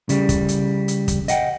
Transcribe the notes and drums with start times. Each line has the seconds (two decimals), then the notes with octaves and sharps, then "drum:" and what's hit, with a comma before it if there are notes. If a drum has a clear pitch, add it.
0.09 C#3 G3, drum: hi-hat
0.29 drum: kick, hi-hat
0.49 drum: hi-hat
0.88 drum: hi-hat
1.08 drum: kick, hi-hat
1.28 D#5 F#5 G5, drum: hi-hat